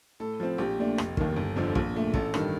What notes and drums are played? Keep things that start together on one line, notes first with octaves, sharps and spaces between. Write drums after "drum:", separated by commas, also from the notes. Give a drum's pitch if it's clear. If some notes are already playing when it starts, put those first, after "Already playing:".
A2 A4
F3 C4
A#1 G4
A#2 A3 D4
F1, drum: rim click
D#2 D#3, drum: kick
G1
F2 D3 F3 C4
A#1, drum: kick
A#2 A3
A1 A4, drum: kick
G2 D#3, drum: rim click